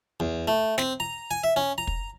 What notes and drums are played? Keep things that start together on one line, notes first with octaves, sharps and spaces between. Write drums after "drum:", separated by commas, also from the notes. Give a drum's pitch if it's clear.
E2
A3
C4, drum: snare
A#5
G#5
E5
C#4
A#5
drum: kick